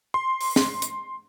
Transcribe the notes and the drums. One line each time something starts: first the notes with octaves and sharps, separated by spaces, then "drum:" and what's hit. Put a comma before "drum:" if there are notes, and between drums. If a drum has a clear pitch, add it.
C6
drum: open hi-hat
drum: snare
drum: hi-hat